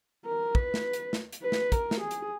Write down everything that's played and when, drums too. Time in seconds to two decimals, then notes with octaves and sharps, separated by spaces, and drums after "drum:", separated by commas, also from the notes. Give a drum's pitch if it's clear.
0.25 A#4
0.55 B4, drum: kick
0.74 drum: snare
0.93 drum: hi-hat
1.13 drum: snare
1.33 drum: hi-hat
1.42 B4
1.52 drum: snare
1.72 A#4, drum: kick, hi-hat
1.91 drum: snare
2.00 G#4
2.11 drum: hi-hat